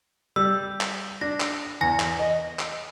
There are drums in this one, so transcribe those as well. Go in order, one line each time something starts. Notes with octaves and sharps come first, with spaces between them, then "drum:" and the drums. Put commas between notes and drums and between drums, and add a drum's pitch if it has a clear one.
G3 E6
drum: clap
D4 A#6
drum: clap
E2 G#5 A#6
drum: clap
D#5
drum: clap